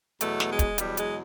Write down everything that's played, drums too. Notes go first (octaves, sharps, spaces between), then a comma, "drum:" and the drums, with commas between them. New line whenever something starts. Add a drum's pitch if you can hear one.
E2 B2 F#3 A3, drum: hi-hat
drum: snare
G#3
drum: kick, hi-hat
E2 B2 F#3 G3, drum: hi-hat
G#3, drum: hi-hat